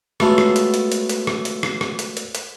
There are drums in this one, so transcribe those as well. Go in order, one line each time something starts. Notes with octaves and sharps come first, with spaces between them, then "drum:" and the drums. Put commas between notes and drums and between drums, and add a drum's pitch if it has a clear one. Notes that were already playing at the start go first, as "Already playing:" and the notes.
F#3 G#3 A3 B3 F4 A4, drum: rim click
drum: rim click
drum: hi-hat
drum: hi-hat
drum: hi-hat
drum: hi-hat
drum: rim click
drum: hi-hat
drum: rim click
drum: rim click
drum: hi-hat
drum: hi-hat
drum: hi-hat